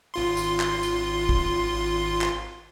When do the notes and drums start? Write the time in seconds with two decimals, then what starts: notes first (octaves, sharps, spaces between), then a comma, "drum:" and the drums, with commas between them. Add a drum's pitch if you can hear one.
0.14 G#1 F4 C6
0.37 drum: tambourine
0.60 drum: clap
0.83 drum: tambourine
1.29 drum: kick
2.21 drum: clap